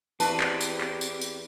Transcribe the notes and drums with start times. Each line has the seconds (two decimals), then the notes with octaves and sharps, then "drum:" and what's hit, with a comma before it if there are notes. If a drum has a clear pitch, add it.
0.20 E2 C4 E4 G4 B4 A5, drum: tambourine
0.40 drum: clap
0.61 drum: tambourine
0.81 drum: clap
1.01 drum: tambourine
1.21 drum: tambourine